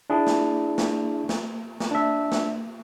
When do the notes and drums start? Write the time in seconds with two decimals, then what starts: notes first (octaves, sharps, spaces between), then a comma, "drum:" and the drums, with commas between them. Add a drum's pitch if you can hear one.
0.10 D4 E4 G#4
0.27 drum: snare
0.78 drum: snare
1.29 drum: snare
1.80 drum: snare
1.91 D4 E5
2.32 drum: snare